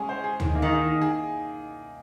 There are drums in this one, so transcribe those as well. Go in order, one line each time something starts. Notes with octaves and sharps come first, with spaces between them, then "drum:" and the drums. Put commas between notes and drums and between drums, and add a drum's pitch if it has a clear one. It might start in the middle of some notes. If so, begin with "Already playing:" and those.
Already playing: G#3 C#4 G#4
C5
G#4
D#3, drum: tom
A#3
D#3
G#4
D#4
G#4